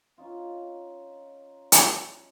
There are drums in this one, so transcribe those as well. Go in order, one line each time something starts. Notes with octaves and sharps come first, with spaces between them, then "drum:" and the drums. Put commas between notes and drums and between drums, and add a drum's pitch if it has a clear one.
C#4 D#4 F4
drum: hi-hat